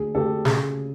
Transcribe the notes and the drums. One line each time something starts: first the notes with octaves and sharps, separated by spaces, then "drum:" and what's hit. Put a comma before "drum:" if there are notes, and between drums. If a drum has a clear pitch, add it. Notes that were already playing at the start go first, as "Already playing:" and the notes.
Already playing: D2 G#4
D2 G4 A4
C#3 G#4, drum: snare